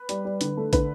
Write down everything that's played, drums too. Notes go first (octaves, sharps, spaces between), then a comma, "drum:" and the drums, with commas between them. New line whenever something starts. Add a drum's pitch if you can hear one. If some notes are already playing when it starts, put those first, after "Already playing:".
Already playing: B4
G3, drum: hi-hat
G3
D3, drum: hi-hat
A3
D3 B4, drum: kick, hi-hat